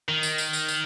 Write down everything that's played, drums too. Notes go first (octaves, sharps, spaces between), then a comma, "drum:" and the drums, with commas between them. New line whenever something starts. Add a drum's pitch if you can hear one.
D#3
drum: tambourine
drum: tambourine
drum: tambourine
drum: tambourine